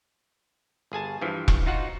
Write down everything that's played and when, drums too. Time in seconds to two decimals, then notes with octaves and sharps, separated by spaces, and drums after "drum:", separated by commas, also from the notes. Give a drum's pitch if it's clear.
0.92 G1 G#4 G#5 A5
1.21 G2 E3 F3
1.48 drum: kick E1
1.66 D#4 F4 F#4 F#5